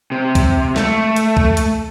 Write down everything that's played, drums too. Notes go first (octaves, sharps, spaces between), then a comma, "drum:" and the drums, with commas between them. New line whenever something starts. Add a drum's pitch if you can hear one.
C3
drum: kick C2, hi-hat
A3, drum: snare
drum: hi-hat
drum: kick C2
drum: hi-hat